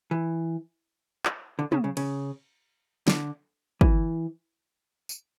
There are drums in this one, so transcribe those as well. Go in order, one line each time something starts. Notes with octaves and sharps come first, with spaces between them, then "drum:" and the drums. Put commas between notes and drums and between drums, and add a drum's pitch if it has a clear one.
E3
drum: clap
D3
C#3, drum: tom
C#3
C#3, drum: cymbal
D3, drum: snare
E3, drum: kick
drum: tambourine